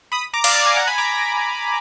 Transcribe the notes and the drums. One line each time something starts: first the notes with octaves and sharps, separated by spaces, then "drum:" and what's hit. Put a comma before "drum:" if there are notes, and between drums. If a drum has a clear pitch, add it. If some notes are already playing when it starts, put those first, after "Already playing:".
B5 D#6
A#5 D6
D5 F5, drum: cymbal
D5
F5 G#5
F#5 A#5
G#5 B5
A#5 D6